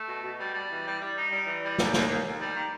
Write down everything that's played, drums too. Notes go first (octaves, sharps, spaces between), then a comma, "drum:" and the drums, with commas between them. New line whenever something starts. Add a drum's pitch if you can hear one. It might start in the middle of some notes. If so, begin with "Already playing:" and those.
Already playing: A3
B2
B2
G3
G3
E3
G3
G3
D#4
G3
E3
G3
D#2, drum: snare
D#2, drum: snare
D#2
D#2
G3
D#3